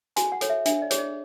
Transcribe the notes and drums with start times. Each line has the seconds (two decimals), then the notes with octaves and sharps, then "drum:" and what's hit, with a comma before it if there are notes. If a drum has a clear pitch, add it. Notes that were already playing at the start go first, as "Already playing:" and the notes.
0.16 F#4 G#5, drum: hi-hat
0.32 F#5
0.41 A4 C#5, drum: hi-hat
0.50 E5
0.65 D4 E5, drum: hi-hat
0.82 D5
0.91 G#4 C#5, drum: hi-hat
0.98 D5